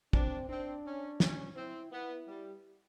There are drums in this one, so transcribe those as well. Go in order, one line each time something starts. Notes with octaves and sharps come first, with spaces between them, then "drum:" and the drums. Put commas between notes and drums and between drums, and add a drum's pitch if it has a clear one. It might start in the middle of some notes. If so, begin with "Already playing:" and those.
C4 D4, drum: kick
C4 D4
C#4
C#4, drum: snare
C4 E4
B3 E4
G3